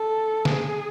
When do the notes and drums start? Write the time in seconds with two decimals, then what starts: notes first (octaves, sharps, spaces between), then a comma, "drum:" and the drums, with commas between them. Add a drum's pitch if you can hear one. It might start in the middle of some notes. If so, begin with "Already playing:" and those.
Already playing: A4
0.45 G#4, drum: snare